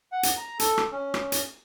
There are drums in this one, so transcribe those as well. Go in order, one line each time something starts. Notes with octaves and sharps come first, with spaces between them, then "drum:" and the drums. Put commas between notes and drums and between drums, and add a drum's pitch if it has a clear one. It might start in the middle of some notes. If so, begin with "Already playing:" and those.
F#5
drum: hi-hat
A#5
A4, drum: hi-hat
drum: rim click
C#4
drum: rim click
drum: hi-hat